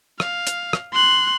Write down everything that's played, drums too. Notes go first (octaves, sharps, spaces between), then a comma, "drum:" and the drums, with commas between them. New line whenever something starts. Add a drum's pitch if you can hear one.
F5, drum: rim click
drum: hi-hat
drum: rim click
C6 F#6